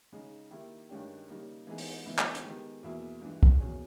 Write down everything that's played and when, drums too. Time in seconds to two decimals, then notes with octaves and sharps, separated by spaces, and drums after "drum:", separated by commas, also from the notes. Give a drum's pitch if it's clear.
0.12 C#3 G#3 D#4 G#4
0.51 D#3 A#3 E4 G4
0.89 G2 D#3 G#3 C#4 G4
1.28 C#3 G3 A#3 D#4
1.67 E3 G#3 B3 D#4 G#4
1.78 drum: open hi-hat
2.05 C#3 E3 G#3 B3 E4
2.18 drum: clap
2.35 drum: hi-hat
2.44 D#3 G#3 B3 G4
2.83 E2 B2 A#3 E4 G#4
3.21 G2 E3 G#3
3.43 drum: kick
3.60 E2 B2 A#3 C#4 G#4